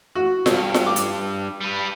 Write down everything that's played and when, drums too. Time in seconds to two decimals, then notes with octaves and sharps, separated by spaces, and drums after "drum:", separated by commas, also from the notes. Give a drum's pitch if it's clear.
0.15 F#4
0.46 C#2 G2, drum: snare F4
0.74 drum: snare F4
0.87 D6
0.96 drum: hi-hat
1.61 G3 B4